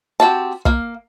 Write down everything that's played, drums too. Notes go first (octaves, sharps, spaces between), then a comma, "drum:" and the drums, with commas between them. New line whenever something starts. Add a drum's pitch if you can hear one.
C4 F#4 G4 A5
A#3 F5, drum: kick